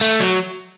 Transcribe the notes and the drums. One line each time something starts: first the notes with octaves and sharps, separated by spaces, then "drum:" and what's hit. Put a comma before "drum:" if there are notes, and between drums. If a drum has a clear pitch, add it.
A3, drum: tambourine
F#3